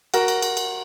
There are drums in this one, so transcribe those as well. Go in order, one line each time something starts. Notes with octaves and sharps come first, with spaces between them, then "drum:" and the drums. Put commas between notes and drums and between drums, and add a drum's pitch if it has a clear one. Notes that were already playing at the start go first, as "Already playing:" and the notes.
F#4 A#4, drum: cymbal
drum: cymbal
drum: cymbal
drum: cymbal